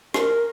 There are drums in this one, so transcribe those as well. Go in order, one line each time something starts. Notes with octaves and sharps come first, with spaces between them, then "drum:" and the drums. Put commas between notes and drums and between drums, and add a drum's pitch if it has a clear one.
A#4, drum: rim click